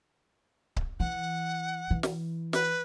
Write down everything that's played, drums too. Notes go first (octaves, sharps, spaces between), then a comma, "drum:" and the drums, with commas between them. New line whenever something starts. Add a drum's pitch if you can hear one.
drum: kick C#1
E3 F#5
E3
drum: snare
B4, drum: snare